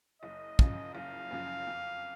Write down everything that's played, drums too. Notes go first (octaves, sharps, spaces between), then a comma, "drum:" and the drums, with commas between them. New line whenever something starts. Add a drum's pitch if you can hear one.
F#1 D#5
F#2 C#3 F3, drum: kick
F#1 F5
F#2 C#3 F3
F2